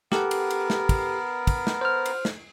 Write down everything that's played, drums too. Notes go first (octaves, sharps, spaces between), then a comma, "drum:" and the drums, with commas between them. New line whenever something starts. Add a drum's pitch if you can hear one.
B3 G4 A4 A#4 F#5, drum: snare
drum: cymbal
drum: cymbal
drum: snare
drum: kick, cymbal
drum: kick, cymbal
drum: snare
C5 F6
drum: cymbal
drum: snare